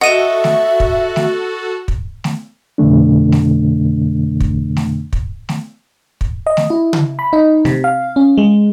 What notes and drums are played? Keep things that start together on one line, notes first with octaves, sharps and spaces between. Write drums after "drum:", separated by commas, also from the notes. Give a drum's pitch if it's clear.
F#4 A4 D#5 E5 F#5 D#7 E7
drum: snare A3
drum: kick
drum: snare A3
drum: kick
drum: snare A3
F2 B2 D3 A3 D4
drum: snare A3
drum: kick
drum: snare A3
drum: kick
drum: snare A3
drum: kick
D#5
drum: snare A3
E4
drum: tom C#3
B5
D#4
C3, drum: snare A3
F5
C#4
G#3